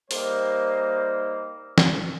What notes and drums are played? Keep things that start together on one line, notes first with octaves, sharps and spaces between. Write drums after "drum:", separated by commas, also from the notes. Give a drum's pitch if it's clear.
G3 A#3 D#4 C5, drum: open hi-hat
drum: snare